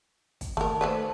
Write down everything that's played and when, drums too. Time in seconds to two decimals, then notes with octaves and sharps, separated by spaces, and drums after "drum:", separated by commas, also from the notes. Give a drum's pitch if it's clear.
0.41 drum: kick, hi-hat
0.57 D#3 A3 A#4 A5
0.81 A3 A4 B4 C5 D5